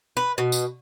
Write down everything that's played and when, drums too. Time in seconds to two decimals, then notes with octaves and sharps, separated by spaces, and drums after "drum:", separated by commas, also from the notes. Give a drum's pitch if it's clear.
0.17 B4
0.38 B2
0.52 drum: tambourine